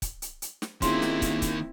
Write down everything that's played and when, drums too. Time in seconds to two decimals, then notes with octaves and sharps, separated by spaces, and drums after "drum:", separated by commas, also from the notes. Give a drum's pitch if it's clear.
0.02 drum: kick, hi-hat
0.22 drum: hi-hat
0.42 drum: hi-hat
0.62 drum: snare
0.82 D#3 A#3 C4 C#4 E4 F4 G#4 C6, drum: kick, hi-hat
1.02 drum: snare
1.22 drum: kick, hi-hat
1.42 drum: kick, hi-hat